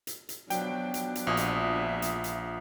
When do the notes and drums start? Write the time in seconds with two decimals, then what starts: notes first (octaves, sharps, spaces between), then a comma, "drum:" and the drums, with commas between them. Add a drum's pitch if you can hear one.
0.07 drum: hi-hat
0.29 drum: hi-hat
0.50 B2 F3 F#3 B3 D4 G5, drum: hi-hat
0.94 drum: hi-hat
1.15 drum: hi-hat
1.27 A#1 F4 D#5 E5 G#5
1.37 drum: hi-hat
1.76 D#6
2.02 drum: hi-hat
2.24 drum: hi-hat